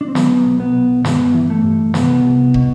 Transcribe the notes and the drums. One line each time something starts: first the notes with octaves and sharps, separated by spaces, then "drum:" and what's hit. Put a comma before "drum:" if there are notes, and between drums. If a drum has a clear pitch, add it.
D4
C4
F#3 B3, drum: snare
B1
B3
B1
G2 B3, drum: snare
E3
A3
G2
C2 B3, drum: snare
C2
B2, drum: kick